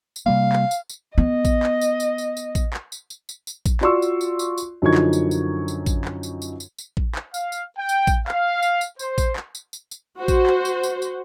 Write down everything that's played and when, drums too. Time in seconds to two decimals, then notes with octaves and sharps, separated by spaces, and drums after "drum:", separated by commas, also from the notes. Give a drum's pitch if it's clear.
0.16 drum: tambourine
0.26 C3 G3 A#3 F5
0.53 drum: clap
0.71 drum: tambourine
0.89 drum: tambourine
1.18 B3 D#5
1.45 drum: kick A1, tambourine
1.63 drum: clap
1.81 drum: tambourine
2.00 drum: tambourine
2.18 drum: tambourine
2.37 drum: tambourine
2.55 drum: kick A1, tambourine
2.74 drum: clap
2.92 drum: tambourine
3.10 drum: tambourine
3.29 drum: tambourine
3.47 drum: tambourine
3.66 drum: kick A1, tambourine
3.81 F4 F#4 D5 C6 C#6 E6, drum: clap
4.02 drum: tambourine
4.21 drum: tambourine
4.39 drum: tambourine
4.58 drum: tambourine
4.82 F#2 D3 F3 D#4 C#6 G#6
4.94 drum: clap
5.13 drum: tambourine
5.31 drum: tambourine
5.68 drum: tambourine
5.86 drum: kick A1, tambourine
6.05 drum: clap
6.23 drum: tambourine
6.42 drum: tambourine
6.60 drum: tambourine
6.78 drum: tambourine
6.97 drum: kick A1
7.15 drum: clap
7.34 F5, drum: tambourine
7.52 drum: tambourine
7.78 G5
7.89 drum: tambourine
8.07 drum: kick A1, tambourine
8.28 F5, drum: clap
8.63 drum: tambourine
8.81 drum: tambourine
8.99 C5, drum: tambourine
9.18 drum: kick A1, tambourine
9.36 drum: clap
9.55 drum: tambourine
9.73 drum: tambourine
9.91 drum: tambourine
10.19 F#4 C5
10.28 drum: kick A1, tambourine
10.47 drum: clap
10.65 drum: tambourine
10.83 drum: tambourine
11.02 drum: tambourine